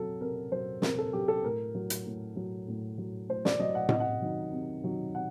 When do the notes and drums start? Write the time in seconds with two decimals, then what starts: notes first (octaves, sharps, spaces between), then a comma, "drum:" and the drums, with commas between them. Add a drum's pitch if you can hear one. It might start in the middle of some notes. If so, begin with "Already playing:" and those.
Already playing: C3 F#3 A4
0.21 C3 A#4
0.52 F#3 C5
0.82 C3 A#4, drum: snare
0.98 A4
1.13 F#3 G4
1.28 A4
1.44 A2 A#4
1.75 F#3
1.90 drum: hi-hat
2.06 A2
2.36 F#3
2.68 A2
2.98 F#3
3.28 A2 C5
3.45 D5, drum: snare
3.59 F#3 D#5
3.75 F#5
3.89 C3 D#5, drum: tom A2
4.00 F#5
4.22 D#3 F#3
4.52 C3
4.84 D#3 F#3
5.15 C3 F#5